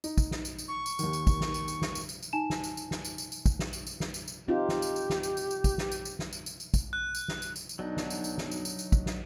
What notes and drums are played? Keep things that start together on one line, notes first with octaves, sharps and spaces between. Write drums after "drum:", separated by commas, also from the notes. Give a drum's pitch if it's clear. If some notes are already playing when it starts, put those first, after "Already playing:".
D#4, drum: tambourine
drum: kick, tambourine
drum: snare
drum: tambourine
drum: tambourine
C#6
drum: tambourine
D#2 D#3, drum: tambourine
drum: tambourine
drum: kick, tambourine
drum: snare
drum: tambourine
drum: tambourine
drum: snare
drum: tambourine
drum: tambourine
drum: tambourine
D#4 G#5 A5 E7
drum: snare
drum: tambourine
drum: tambourine
drum: snare
drum: tambourine
drum: tambourine
drum: tambourine
drum: kick, tambourine
drum: snare
drum: tambourine
drum: tambourine
drum: snare
drum: tambourine
drum: tambourine
C4 D#4 F4 G4
drum: snare
drum: tambourine
drum: tambourine
drum: snare
drum: tambourine
drum: tambourine
drum: tambourine
drum: kick, tambourine
drum: snare
drum: tambourine
drum: tambourine
drum: snare
drum: tambourine
drum: tambourine
drum: tambourine
drum: kick, tambourine
F#6
drum: tambourine
drum: snare
drum: tambourine
drum: tambourine
drum: tambourine
B1 F#3 D4 D#4
drum: snare
drum: tambourine
drum: tambourine
drum: snare
drum: tambourine
drum: tambourine
drum: tambourine
drum: kick, tambourine
drum: snare